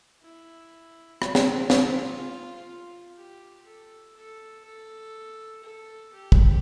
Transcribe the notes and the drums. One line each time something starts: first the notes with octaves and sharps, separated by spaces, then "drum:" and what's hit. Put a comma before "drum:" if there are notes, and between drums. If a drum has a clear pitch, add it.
E4
F4, drum: rim click
drum: snare
F4, drum: snare
G4
A4
A4
A4
A4
G4
drum: kick